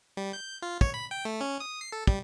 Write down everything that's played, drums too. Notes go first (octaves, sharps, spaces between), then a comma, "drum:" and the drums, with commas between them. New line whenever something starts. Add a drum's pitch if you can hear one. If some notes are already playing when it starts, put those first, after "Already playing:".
G3
G6
F4
C#5, drum: kick
B5
G5
A3
C#4
D#6
C7
A4
G3, drum: kick